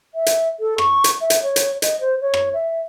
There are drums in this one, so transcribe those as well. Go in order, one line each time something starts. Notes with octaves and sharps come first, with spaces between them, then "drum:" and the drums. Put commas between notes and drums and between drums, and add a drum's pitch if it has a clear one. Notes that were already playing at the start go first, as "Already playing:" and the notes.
E5
drum: hi-hat
A4
C#6, drum: rim click
drum: hi-hat
E5
drum: hi-hat
C#5
drum: hi-hat
D#5, drum: hi-hat
C5
C#5
drum: rim click
E5